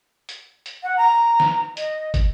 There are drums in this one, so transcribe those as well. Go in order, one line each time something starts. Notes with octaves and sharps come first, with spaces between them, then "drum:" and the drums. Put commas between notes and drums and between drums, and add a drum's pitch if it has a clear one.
drum: hi-hat
drum: hi-hat
F#5
A#5
drum: snare
D#5, drum: hi-hat
drum: kick, hi-hat